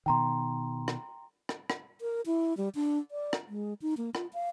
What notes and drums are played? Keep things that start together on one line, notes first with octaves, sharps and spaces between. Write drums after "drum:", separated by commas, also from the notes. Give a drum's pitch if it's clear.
B2 D#3 G5 A#5 C6
drum: rim click
drum: rim click
drum: rim click
A#4
E4
G3
D4
D5
drum: rim click
G#3
D#4
A#3
F4, drum: rim click
F5